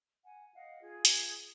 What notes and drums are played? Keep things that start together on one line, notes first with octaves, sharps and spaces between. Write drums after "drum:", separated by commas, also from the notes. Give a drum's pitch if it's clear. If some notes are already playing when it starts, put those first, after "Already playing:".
F#5 G#5
D#5 F5 F#5
F4 G#4
drum: hi-hat